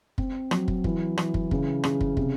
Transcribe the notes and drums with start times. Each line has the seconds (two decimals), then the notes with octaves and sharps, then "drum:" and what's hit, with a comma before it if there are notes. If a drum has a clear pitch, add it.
0.18 C4, drum: kick
0.51 F#3, drum: rim click
0.68 drum: kick
0.84 E3, drum: kick
1.17 E3, drum: rim click
1.34 drum: kick
1.51 C#3, drum: kick
1.84 C#3, drum: rim click
2.01 drum: kick
2.17 C3, drum: kick